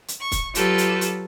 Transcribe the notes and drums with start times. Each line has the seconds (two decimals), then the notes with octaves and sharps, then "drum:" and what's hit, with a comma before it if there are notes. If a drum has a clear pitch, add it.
0.08 drum: hi-hat
0.21 C#6
0.32 drum: kick, hi-hat
0.55 F#3 F4 G4 A4 B4, drum: hi-hat
0.78 drum: hi-hat
1.01 drum: hi-hat